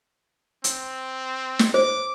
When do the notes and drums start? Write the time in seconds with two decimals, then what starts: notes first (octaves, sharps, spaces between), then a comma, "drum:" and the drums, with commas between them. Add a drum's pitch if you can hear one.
0.64 C4, drum: hi-hat
1.59 drum: snare
1.74 C5 D6